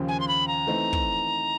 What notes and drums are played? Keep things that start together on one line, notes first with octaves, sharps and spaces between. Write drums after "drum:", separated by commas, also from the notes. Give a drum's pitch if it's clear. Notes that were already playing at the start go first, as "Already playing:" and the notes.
Already playing: D#2 C#3 F3
G#5
C6
B5
A#5
E3 A3 C4 D#4
drum: kick